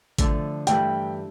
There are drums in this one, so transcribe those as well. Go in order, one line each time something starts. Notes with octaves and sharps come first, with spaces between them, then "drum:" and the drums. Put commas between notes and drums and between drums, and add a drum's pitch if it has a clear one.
D3 F3 A3 D4, drum: kick G#1, hi-hat
G2 E3 A3 E4 B4 G5, drum: hi-hat